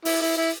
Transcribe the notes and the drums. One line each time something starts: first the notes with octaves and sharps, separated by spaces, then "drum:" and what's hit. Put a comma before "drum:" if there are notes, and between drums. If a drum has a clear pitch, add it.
E4, drum: open hi-hat
E4
E4